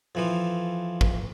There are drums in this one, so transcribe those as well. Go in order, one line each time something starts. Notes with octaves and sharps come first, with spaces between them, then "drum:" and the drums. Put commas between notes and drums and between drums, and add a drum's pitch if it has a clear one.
F2 E3 F3
drum: kick